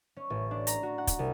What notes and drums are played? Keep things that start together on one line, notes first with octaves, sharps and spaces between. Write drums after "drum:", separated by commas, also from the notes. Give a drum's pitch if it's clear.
C#4
A1
D4
A#5, drum: hi-hat
F#4
F#5
drum: kick, hi-hat
C2